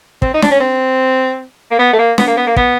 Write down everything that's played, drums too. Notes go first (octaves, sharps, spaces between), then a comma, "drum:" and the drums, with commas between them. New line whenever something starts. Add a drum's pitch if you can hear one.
C4, drum: kick
D#4
D4, drum: snare
C#4
C4
A#3
B3
A3
A#3
B3, drum: snare
A#3
B3
A#3
B3, drum: kick